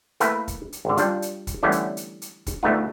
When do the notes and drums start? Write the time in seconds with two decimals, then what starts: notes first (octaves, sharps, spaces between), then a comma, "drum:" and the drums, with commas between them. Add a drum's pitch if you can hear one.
0.20 A3 A#3 E4 B4, drum: hi-hat
0.48 drum: kick, hi-hat
0.72 drum: hi-hat
0.85 G#1 D3
0.97 G3 D4 F4, drum: hi-hat
1.22 drum: hi-hat
1.47 drum: kick, hi-hat
1.63 D3 E3 G3 A3 B3 C#4
1.72 drum: hi-hat
1.97 drum: hi-hat
2.22 drum: hi-hat
2.46 drum: kick, hi-hat
2.63 D2 A3 B3 D#4 F4